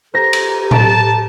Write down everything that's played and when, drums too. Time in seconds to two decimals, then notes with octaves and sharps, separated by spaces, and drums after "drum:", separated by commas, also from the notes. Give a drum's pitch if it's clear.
0.14 G4 A4 C5 A#5 A#6
0.33 drum: cymbal
0.71 A5 D7, drum: tom A2